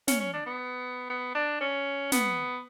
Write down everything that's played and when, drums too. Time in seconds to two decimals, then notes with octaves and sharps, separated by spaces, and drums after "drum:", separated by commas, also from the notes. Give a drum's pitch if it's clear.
0.08 C#4, drum: snare
0.20 C#4
0.33 D4
0.46 B3
1.10 B3
1.35 D4
1.61 C#4
2.12 B3, drum: snare